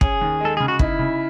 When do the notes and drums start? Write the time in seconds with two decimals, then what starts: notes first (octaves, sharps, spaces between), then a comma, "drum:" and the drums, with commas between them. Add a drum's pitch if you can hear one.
0.01 C#4 G#4, drum: kick
0.21 D#2
0.41 G#3 A4
0.57 C#3 G#4
0.68 F#4
0.79 D#4 E4, drum: kick
0.99 C#3